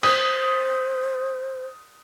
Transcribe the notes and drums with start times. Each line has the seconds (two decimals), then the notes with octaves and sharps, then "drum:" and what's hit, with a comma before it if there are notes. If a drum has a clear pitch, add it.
0.03 C5 D#6, drum: cymbal